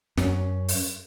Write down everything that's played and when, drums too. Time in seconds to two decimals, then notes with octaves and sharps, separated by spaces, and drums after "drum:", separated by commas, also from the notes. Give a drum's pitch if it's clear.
0.17 F#2 C#4, drum: snare
0.68 drum: open hi-hat